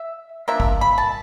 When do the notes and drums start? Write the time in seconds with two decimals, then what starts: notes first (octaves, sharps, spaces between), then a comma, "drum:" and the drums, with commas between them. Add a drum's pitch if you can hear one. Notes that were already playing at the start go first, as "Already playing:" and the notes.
Already playing: E5
0.48 F3 A#3 D4 E5
0.60 drum: kick
0.81 B5
0.98 A5